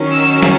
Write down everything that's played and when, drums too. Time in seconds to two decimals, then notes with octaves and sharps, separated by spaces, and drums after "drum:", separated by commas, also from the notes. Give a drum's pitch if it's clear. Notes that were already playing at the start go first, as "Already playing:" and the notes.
Already playing: D#3 F#3 C#4
0.12 E6
0.42 drum: snare